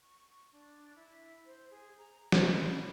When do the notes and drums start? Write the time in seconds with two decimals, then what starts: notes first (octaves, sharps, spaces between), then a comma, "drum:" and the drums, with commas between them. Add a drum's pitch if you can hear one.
0.03 C#6
0.52 D4
0.96 E4
1.46 C5
1.71 G#4
1.98 A#5
2.32 F#5, drum: snare
2.54 B5